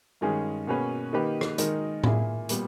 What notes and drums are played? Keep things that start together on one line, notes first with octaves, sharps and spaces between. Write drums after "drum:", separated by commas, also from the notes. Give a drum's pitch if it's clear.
G2 D#3 G#3 C#4 G#4
B2 A#3 C#4 G#4 B4
D#3 A#3 D#4 G4 B4
drum: rim click
D#3 G#3 D#4 A#4, drum: hi-hat
A#2 A#3 E4 G#4, drum: tom A2
A#2 G3 B3, drum: hi-hat